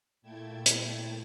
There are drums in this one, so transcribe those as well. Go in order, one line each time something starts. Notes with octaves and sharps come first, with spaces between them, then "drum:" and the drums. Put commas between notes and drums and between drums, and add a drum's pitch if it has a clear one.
A#2 A3 E4 G5 A5 G#6
drum: hi-hat